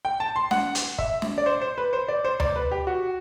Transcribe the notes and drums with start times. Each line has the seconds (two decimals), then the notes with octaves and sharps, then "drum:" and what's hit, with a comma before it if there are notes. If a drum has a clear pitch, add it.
0.05 G5
0.20 A5
0.36 C6
0.51 F#5, drum: snare
0.75 drum: hi-hat
0.99 E5, drum: kick
1.22 drum: snare
1.38 D5
1.46 C5
1.61 C5
1.78 B4
1.93 C5
2.08 D5
2.25 C5
2.40 D5, drum: tom D2
2.56 B4
2.71 G4
2.87 F#4